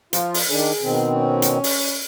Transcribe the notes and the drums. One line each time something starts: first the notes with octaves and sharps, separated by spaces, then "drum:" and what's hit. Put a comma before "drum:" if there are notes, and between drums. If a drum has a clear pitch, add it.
F3 F4, drum: hi-hat
drum: open hi-hat
D#3 D4 G#4
B2 D#3 C4
C#4
drum: hi-hat
drum: open hi-hat